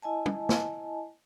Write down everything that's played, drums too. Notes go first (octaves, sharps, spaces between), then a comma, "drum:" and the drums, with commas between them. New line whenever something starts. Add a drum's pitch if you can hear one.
E4 D#5 G#5 A5
drum: tom
drum: snare